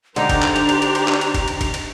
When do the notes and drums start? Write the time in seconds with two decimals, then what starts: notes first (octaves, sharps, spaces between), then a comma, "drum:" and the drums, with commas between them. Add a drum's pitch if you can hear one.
0.16 D3 D4 D#4 G4 C5 A#5, drum: cymbal
0.29 drum: kick, cymbal
0.43 drum: clap
0.56 drum: cymbal
0.69 drum: cymbal
0.82 drum: cymbal
0.95 drum: cymbal
1.08 drum: clap
1.21 drum: cymbal
1.34 drum: kick, cymbal
1.48 drum: cymbal
1.61 drum: kick, cymbal
1.74 drum: cymbal